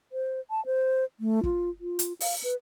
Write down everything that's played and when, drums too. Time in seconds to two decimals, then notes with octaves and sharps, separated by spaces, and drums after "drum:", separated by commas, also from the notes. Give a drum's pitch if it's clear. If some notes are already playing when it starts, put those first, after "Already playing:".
0.12 C5
0.50 A5
0.66 C5
1.20 A3
1.43 F4, drum: kick
1.80 F4
1.99 drum: hi-hat
2.20 F5, drum: open hi-hat
2.43 B4